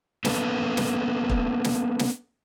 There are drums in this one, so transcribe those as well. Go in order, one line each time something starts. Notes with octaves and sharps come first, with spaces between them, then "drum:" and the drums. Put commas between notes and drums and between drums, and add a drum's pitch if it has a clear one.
A#3 B3 C#4 A4 B4, drum: snare
drum: snare
drum: kick
drum: snare
drum: snare